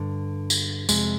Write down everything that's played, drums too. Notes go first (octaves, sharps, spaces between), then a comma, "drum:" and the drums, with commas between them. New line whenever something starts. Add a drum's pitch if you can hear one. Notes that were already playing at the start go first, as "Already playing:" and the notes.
Already playing: G2 D3
drum: tambourine
F2 C3 G#3, drum: tambourine